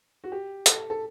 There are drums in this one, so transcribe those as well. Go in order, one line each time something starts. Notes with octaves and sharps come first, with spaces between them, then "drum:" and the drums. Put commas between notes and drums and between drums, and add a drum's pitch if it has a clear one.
F#4
G4
A4, drum: hi-hat
A4